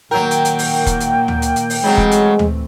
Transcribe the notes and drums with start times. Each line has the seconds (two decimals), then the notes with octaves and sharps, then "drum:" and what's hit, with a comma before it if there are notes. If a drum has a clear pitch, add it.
0.11 A#2 D#3 F#3 A#3 A#4 G5
0.31 drum: hi-hat
0.45 drum: hi-hat
0.59 drum: open hi-hat
0.86 drum: kick, hi-hat
1.00 drum: hi-hat
1.28 drum: tom
1.42 drum: hi-hat
1.56 drum: hi-hat
1.70 drum: open hi-hat
1.84 C#3 E3 F#3 G#3 A3 C4
1.98 drum: kick
2.11 drum: hi-hat
2.39 drum: tom